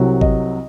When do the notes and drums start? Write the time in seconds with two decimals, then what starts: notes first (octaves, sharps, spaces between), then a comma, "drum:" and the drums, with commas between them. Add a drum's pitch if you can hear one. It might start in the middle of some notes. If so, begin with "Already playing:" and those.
Already playing: C2 C3 F#3
0.21 D#5, drum: kick G#1